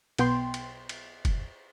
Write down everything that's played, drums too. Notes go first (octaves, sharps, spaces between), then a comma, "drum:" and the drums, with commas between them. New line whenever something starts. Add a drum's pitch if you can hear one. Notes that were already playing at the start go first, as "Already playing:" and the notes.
B1 B3 G5 C6, drum: cymbal
drum: cymbal
drum: cymbal
drum: kick, cymbal